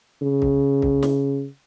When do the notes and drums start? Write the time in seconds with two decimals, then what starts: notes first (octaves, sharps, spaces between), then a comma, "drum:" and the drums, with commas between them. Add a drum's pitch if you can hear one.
0.22 C#3
0.42 drum: kick C2
0.82 drum: kick C2
1.03 drum: snare